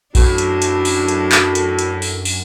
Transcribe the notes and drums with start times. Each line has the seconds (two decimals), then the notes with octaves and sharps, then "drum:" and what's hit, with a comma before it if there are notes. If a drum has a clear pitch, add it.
0.15 F#2 A2 D4 F#4, drum: kick A#1, open hi-hat
0.38 drum: hi-hat
0.62 drum: hi-hat
0.85 drum: open hi-hat
1.08 drum: hi-hat
1.32 drum: clap
1.55 drum: hi-hat
1.79 drum: hi-hat
2.02 drum: open hi-hat
2.25 drum: open hi-hat